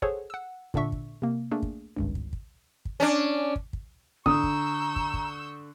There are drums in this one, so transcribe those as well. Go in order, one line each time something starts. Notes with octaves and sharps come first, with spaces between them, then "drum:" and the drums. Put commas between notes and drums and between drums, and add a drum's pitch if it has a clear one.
G#4 A4 C5 C#5 F#5, drum: kick
F#5 E6
A#2 D3 D4 E5 C#6, drum: kick
drum: kick
C3 A#3
A3 A#3 D4 G#4
drum: kick
G#1 C#2 G2
drum: kick
drum: kick
drum: kick
C#4 D4
drum: kick
drum: kick
D3 A#5 C#6 D#6 E6 G6, drum: kick
drum: kick
drum: kick
drum: kick